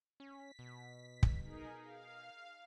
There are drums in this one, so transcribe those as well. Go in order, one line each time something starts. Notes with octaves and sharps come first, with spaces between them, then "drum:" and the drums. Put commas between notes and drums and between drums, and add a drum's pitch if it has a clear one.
C#4 B6
B2
drum: kick
D#4 G#4 A#4
F5